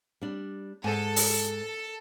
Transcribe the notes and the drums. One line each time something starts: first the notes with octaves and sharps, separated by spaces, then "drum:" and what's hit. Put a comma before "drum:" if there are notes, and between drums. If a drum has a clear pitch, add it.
G3 D4
G#2 A4 G#5
drum: open hi-hat